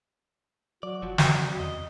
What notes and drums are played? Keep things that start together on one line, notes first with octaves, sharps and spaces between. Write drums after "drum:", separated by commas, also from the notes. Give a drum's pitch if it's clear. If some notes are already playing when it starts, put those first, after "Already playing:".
F#3 F#4 D5
F1 F3 F#3
F2 C3 F#3 G3, drum: snare
E2 D#5